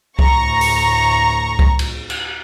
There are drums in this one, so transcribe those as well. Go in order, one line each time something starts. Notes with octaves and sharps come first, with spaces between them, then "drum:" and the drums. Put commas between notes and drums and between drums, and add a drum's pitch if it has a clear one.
D2 A2 A#5 C#6, drum: kick C2
drum: open hi-hat
drum: kick C2
drum: cymbal
drum: cymbal